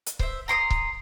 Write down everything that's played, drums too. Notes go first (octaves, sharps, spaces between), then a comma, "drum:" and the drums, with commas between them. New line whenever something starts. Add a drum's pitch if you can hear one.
drum: hi-hat
C5 E5, drum: kick C#1
A#5 C6 D6 D#6
drum: kick C#1